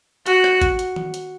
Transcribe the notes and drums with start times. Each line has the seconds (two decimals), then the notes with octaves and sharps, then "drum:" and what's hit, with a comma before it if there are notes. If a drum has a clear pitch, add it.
0.26 F#4, drum: hi-hat
0.44 drum: rim click
0.62 drum: kick, hi-hat
0.79 drum: hi-hat
0.96 drum: tom D#3
1.14 drum: hi-hat